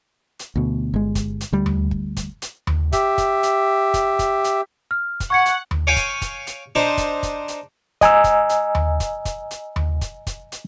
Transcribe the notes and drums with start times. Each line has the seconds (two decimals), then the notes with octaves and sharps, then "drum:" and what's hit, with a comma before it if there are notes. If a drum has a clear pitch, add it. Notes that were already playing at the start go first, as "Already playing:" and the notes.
0.39 drum: hi-hat
0.56 D2 B2
0.93 G1 G#3
1.15 drum: kick, hi-hat
1.41 drum: hi-hat
1.52 D2 G3
1.66 drum: tom D#2
1.91 drum: kick
2.17 drum: kick, hi-hat
2.42 drum: hi-hat
2.67 drum: tom D#2
2.92 G4 E5, drum: kick, hi-hat
3.18 drum: kick, hi-hat
3.43 drum: hi-hat
3.94 drum: kick, hi-hat
4.19 drum: kick, hi-hat
4.44 drum: hi-hat
4.91 F6
5.20 drum: kick, hi-hat
5.30 F#5 C#6 G#6 C#7
5.46 drum: hi-hat
5.71 drum: tom D#2
5.87 C#5 F5 G5 G#5
5.96 drum: kick, hi-hat
6.22 drum: kick, hi-hat
6.47 drum: hi-hat
6.75 D4 D#4 C5
6.98 drum: kick, hi-hat
7.23 drum: kick, hi-hat
7.48 drum: hi-hat
8.01 D#5 G#5 A#5 E6, drum: kick, hi-hat
8.24 drum: kick, hi-hat
8.49 drum: hi-hat
8.75 drum: tom D#2
9.00 drum: kick, hi-hat
9.25 drum: kick, hi-hat
9.51 drum: hi-hat
9.76 drum: tom D#2
10.01 drum: kick, hi-hat
10.27 drum: kick, hi-hat
10.52 drum: hi-hat